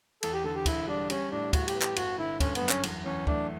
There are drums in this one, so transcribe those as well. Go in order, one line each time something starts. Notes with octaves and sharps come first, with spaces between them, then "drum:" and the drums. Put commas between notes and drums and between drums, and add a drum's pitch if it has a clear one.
E2 A4, drum: cymbal
G4
D3 A4
G4
E1 E4, drum: kick, cymbal
G3 D4
G3 C#4, drum: cymbal
A2 D4
A2 F#4, drum: kick, cymbal
G4, drum: cymbal
B3
G4, drum: clap
G1 F#4, drum: cymbal
D3 E4
G1 C#4, drum: kick, cymbal
B3, drum: cymbal
F#2
C#4, drum: clap
E2, drum: cymbal
E2 C#4
A3 D4, drum: kick